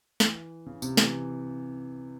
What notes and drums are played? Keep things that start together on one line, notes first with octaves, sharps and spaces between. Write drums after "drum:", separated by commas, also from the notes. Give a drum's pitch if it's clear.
E3, drum: snare
C#3
C3, drum: tambourine
E3, drum: snare